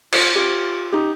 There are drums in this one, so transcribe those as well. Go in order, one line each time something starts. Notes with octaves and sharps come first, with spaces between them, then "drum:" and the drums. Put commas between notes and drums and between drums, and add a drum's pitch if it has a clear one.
F4, drum: cymbal
F4 G4
D#4 G4